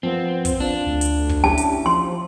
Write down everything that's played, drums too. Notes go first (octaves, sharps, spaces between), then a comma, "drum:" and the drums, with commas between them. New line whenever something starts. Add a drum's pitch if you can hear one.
F3 B3 C4
drum: kick, hi-hat
D4 F4
D2
drum: hi-hat
drum: kick
C#4 E4 G4 A5
drum: hi-hat
F3 C6